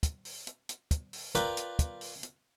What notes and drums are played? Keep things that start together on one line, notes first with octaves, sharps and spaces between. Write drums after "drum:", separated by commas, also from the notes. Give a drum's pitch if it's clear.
drum: kick, hi-hat
drum: open hi-hat
drum: hi-hat
drum: hi-hat
drum: kick, hi-hat
drum: open hi-hat
F4 A#4 B4 D5 G5 A#5, drum: hi-hat
drum: hi-hat
drum: kick, hi-hat
drum: open hi-hat
drum: hi-hat